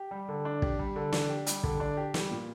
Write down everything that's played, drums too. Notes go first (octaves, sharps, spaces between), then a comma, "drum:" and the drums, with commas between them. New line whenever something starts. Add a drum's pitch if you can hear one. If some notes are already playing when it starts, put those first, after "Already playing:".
Already playing: G4
G3
D3
D4
G4, drum: kick
G3
D3
D4, drum: snare
G4
G3, drum: hi-hat
D3, drum: kick
D4
G4
G3, drum: snare
A#2